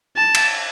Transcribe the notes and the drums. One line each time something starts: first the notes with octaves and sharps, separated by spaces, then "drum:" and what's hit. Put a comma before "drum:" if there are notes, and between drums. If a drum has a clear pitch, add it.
A5
drum: cymbal